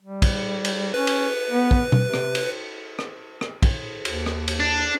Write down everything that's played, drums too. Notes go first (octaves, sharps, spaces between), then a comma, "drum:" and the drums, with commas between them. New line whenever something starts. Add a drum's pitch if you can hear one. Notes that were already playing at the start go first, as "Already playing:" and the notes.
G3
drum: kick, cymbal
drum: cymbal
C#4 B4
drum: cymbal
B3
drum: kick
drum: tom B2
C3
drum: rim click
drum: cymbal
drum: rim click
drum: rim click
drum: kick, cymbal
D#2, drum: cymbal
drum: rim click
drum: cymbal
D4